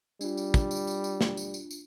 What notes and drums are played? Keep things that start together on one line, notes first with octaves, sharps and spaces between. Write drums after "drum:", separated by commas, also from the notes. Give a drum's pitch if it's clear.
G3 D4 F4, drum: tambourine
drum: tambourine
drum: kick, tambourine
drum: tambourine
drum: tambourine
drum: tambourine
drum: snare
drum: tambourine
drum: tambourine
drum: tambourine